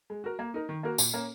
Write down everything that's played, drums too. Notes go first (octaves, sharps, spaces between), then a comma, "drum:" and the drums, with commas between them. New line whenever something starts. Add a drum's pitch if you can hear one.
G#3
F#4 A#4
A#3
D#4 A#4
D#3
A#3 F#4 A#4
A#2, drum: tambourine
A#3 C#4 A#4